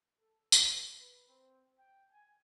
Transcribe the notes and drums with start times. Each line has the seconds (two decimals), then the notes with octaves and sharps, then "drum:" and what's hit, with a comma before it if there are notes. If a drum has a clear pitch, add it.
0.19 A4
0.52 B4, drum: tambourine
0.97 B4
1.28 C4
1.77 G5
2.10 G#5